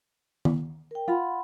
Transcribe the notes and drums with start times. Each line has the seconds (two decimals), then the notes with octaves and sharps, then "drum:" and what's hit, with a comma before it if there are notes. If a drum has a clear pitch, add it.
0.45 drum: tom D#3
0.91 A#4 G5
1.08 F4 F#5 B5 C6